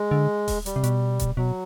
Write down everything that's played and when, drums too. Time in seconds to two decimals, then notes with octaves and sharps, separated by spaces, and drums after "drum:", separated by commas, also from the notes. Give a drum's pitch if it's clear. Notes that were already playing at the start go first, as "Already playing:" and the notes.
Already playing: G#3
0.11 D3
0.48 drum: kick D#1, open hi-hat
0.66 G3, drum: hi-hat
0.76 C3
0.84 B2, drum: hi-hat
1.19 drum: kick D#1, hi-hat
1.37 B2 F#3